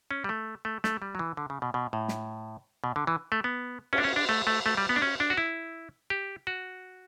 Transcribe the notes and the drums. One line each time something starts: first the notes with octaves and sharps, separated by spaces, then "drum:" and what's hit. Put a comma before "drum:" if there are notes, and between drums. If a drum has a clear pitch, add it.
C#4
G3
A3
A3
A3, drum: snare
G3
F#3
E3
D3
C#3
B2
B2
A2
drum: snare
B2
D3
E3
A3
B3
C#4, drum: cymbal
D4
C#4
D4
A3
A3
A3
G3
B3
D4
C#4
D4
F#4
E4
G4
F#4